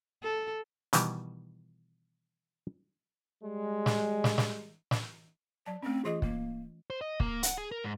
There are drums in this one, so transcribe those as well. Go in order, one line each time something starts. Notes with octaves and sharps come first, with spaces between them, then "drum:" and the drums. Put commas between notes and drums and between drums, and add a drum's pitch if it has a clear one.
A4
B2 D#3 E3 G3, drum: hi-hat
G3 G#3
drum: snare
drum: snare
drum: snare
drum: snare
F#3 D5 A5
A3 C4 C#4
E3 F4 G#4 D#5
A#3, drum: kick
C5
D#5
A#3, drum: kick
F#5, drum: hi-hat
G#4
A#4
G#2